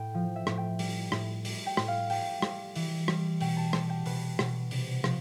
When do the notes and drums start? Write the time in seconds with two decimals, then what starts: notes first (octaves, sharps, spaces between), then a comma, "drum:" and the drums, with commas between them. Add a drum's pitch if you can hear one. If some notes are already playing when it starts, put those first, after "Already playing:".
Already playing: A2 G5
0.14 F3
0.36 E5
0.47 A2, drum: rim click
0.57 G5
0.79 G3, drum: open hi-hat
1.12 A2, drum: rim click
1.45 G3, drum: open hi-hat
1.66 G5
1.77 A2, drum: rim click
1.88 F5
2.10 G3 G5, drum: open hi-hat
2.42 G3, drum: rim click
2.75 E3, drum: open hi-hat
3.08 G3, drum: rim click
3.41 B2 G5, drum: open hi-hat
3.57 A5
3.73 G3 A5, drum: rim click
3.89 G5
4.06 B2 B4, drum: open hi-hat
4.39 B2, drum: rim click
4.71 C3, drum: open hi-hat
5.04 F3, drum: rim click